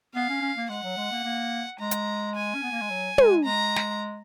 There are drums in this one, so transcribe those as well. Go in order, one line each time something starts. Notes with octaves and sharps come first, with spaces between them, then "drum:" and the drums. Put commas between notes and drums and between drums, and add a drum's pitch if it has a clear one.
B3 F5
C#4
C#4
A#3
G#3 F#5
F#3
G#3
A#3
A#3
G#3 A#5
drum: hi-hat
G#5
C#4
B3
A#3
G#3
F#3
G#3, drum: tom
G#3 A#5
drum: snare